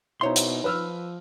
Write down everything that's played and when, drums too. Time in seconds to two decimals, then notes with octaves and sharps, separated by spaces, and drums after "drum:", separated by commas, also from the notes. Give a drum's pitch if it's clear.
0.21 B2 D#4 E4 C5 C#5 C6
0.36 drum: hi-hat
0.64 F3 B4 E6 F6